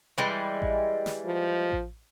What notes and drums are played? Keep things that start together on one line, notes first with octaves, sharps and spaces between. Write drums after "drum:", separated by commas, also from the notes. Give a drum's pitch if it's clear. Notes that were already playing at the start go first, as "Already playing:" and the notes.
E3 G3 G#3
drum: kick A1
drum: snare
F3
drum: kick A1